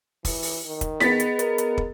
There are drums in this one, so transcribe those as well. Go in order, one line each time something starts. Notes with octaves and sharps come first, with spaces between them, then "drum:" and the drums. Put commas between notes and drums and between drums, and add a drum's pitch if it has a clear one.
E3, drum: kick, open hi-hat
drum: open hi-hat
D#3
drum: kick, hi-hat
B3 G#4 D#5 A6 B6, drum: snare
drum: hi-hat
A#4, drum: hi-hat
drum: hi-hat
drum: kick